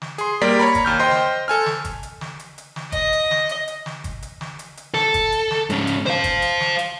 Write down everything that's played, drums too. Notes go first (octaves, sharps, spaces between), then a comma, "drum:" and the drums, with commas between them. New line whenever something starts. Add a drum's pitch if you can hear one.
drum: snare
G#4 C6, drum: hi-hat
G3 A#3 D5 B6
C#5 A#5 B5
drum: kick, hi-hat
D#2 F6 G6
C5 D#5 G5 C6
drum: snare
A4 G#5 F6
drum: snare
drum: kick, hi-hat
drum: hi-hat
drum: snare
drum: hi-hat
drum: hi-hat
drum: snare
D#5, drum: kick, hi-hat
drum: hi-hat
drum: snare
drum: hi-hat
drum: hi-hat
drum: snare
drum: kick, hi-hat
drum: hi-hat
drum: snare
drum: hi-hat
drum: hi-hat
A4, drum: snare
drum: kick, hi-hat
drum: hi-hat
drum: snare
G#2 C#4, drum: hi-hat
drum: hi-hat
C5 F5, drum: snare
drum: kick, hi-hat
drum: hi-hat
drum: snare
drum: hi-hat